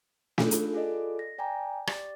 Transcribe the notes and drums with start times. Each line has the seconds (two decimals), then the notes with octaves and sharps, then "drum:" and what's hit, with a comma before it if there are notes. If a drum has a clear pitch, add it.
0.38 D4 D#4 F4 G#4 A4, drum: snare
0.51 drum: hi-hat
0.73 F4 G#4 A4 D5 D#5
1.19 A#6
1.38 D5 G5 G#5 A#5
1.87 G4 D5 A6, drum: rim click